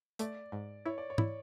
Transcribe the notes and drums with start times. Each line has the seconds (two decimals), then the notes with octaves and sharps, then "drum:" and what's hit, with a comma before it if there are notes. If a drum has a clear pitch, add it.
0.19 A3 D5, drum: hi-hat
0.52 G#2
0.86 E4 C#5
0.98 D5
1.10 C#5
1.18 E4, drum: tom G#2